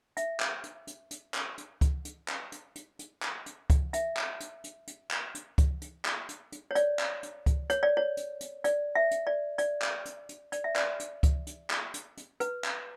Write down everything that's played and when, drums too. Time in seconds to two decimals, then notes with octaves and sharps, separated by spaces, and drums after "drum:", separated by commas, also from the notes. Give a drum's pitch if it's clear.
0.17 E5, drum: hi-hat
0.40 drum: clap
0.64 drum: hi-hat
0.87 drum: hi-hat
1.11 drum: hi-hat
1.34 drum: clap
1.58 drum: hi-hat
1.81 drum: kick C#2, hi-hat
2.05 drum: hi-hat
2.28 drum: clap
2.52 drum: hi-hat
2.75 drum: hi-hat
2.99 drum: hi-hat
3.23 drum: clap
3.46 drum: hi-hat
3.70 drum: kick C#2, hi-hat
3.93 E5, drum: hi-hat
4.17 drum: clap
4.40 drum: hi-hat
4.64 drum: hi-hat
4.87 drum: hi-hat
5.11 drum: clap
5.34 drum: hi-hat
5.58 drum: kick C#2, hi-hat
5.82 drum: hi-hat
6.05 drum: clap
6.29 drum: hi-hat
6.52 drum: hi-hat
6.71 C#5
6.75 D5, drum: hi-hat
6.99 drum: clap
7.23 drum: hi-hat
7.46 drum: kick C#2, hi-hat
7.70 C#5, drum: hi-hat
7.83 D5
7.97 C#5
8.17 drum: hi-hat
8.41 drum: hi-hat
8.64 D5, drum: hi-hat
8.95 E5
9.11 drum: hi-hat
9.27 D5
9.58 D5, drum: hi-hat
9.82 drum: clap
10.05 drum: hi-hat
10.29 drum: hi-hat
10.52 D5, drum: hi-hat
10.64 E5
10.76 D5, drum: clap
11.00 drum: hi-hat
11.23 drum: kick C#2, hi-hat
11.47 drum: hi-hat
11.70 drum: clap
11.94 drum: hi-hat
12.17 drum: hi-hat
12.40 B4, drum: hi-hat
12.64 drum: clap